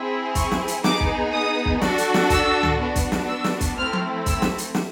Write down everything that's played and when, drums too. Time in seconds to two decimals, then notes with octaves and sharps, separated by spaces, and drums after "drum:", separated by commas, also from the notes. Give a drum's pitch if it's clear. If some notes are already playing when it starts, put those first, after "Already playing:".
Already playing: C4 E4 G#4
0.35 C#6, drum: kick, hi-hat
0.51 drum: snare
0.68 drum: hi-hat
0.84 B3 D#4 G#4 D6, drum: snare
1.00 drum: kick
1.33 D#6
1.65 drum: kick
1.82 D4 F#4 A4, drum: snare
1.98 drum: hi-hat
2.14 drum: snare
2.30 E6, drum: kick, hi-hat
2.63 drum: tom C#2
2.79 B3 D4 F#4
2.96 drum: kick, hi-hat
3.12 drum: snare
3.28 E6
3.44 drum: snare
3.61 drum: kick, hi-hat
3.77 A3 C4 E4 F6
3.93 drum: tom F3
4.26 E6, drum: kick, hi-hat
4.42 drum: snare
4.58 drum: hi-hat
4.74 drum: snare